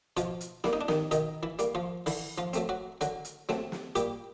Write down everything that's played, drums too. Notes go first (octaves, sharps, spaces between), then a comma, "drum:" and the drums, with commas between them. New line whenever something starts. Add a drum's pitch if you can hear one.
B2 F3 F4, drum: hi-hat
drum: hi-hat
G3 A#3 E4, drum: snare
D#4
D4
D#3 D#4, drum: snare
B2 D#3 D#4, drum: hi-hat
E3 E4
G3 A#3, drum: hi-hat
F3 F4
D3 E3 E4, drum: open hi-hat
F3 F4
F#3 A3 C4, drum: hi-hat
F#3 F#4
D3 F#3 F#4, drum: hi-hat
drum: hi-hat
F#3 A3 C4, drum: snare
drum: snare
A#2 G3 G4, drum: hi-hat